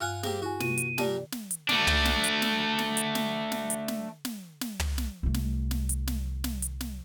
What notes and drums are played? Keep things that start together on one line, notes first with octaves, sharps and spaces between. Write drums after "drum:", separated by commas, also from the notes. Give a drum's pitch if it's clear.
G2 F4 F#5 G#5 F6
A#3 C4 G4 G#4, drum: snare
E4 F#4 G#5
C3 A#3 F4 D#7, drum: snare
drum: hi-hat
A#2 G3 A#3 D5 A5, drum: snare
drum: snare
drum: hi-hat
A3 D4, drum: snare
drum: tom
drum: snare
drum: hi-hat
drum: snare
drum: snare
drum: hi-hat
drum: snare
drum: snare
drum: hi-hat
drum: snare
drum: snare
drum: snare
drum: tom
drum: snare
C2 A3
drum: snare
drum: snare
drum: hi-hat
drum: snare
drum: snare
drum: hi-hat
drum: snare